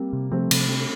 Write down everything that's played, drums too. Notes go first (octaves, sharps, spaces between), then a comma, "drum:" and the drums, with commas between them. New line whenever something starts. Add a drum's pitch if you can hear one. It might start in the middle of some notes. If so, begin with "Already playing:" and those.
Already playing: G3 A#3 C4
C3
F3 A3 C4
C3, drum: cymbal
C4